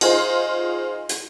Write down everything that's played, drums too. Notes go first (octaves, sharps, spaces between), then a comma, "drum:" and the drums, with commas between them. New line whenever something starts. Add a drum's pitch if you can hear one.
D#4 F4 G#4 C5, drum: cymbal
drum: hi-hat